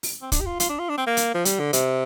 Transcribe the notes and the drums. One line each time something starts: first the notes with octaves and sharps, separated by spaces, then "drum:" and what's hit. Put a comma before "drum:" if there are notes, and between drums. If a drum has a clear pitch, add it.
drum: open hi-hat
C4
D4, drum: kick, hi-hat
G4
F4
F4, drum: hi-hat
D4
F4
D4
C4
A#3
drum: hi-hat
F3
G3, drum: hi-hat
D3
C3, drum: hi-hat